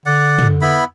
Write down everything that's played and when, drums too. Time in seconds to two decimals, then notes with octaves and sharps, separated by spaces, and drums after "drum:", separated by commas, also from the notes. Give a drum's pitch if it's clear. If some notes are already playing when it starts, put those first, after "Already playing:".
0.06 D3 D5 F#5
0.39 drum: tom
0.62 B3 E4 B5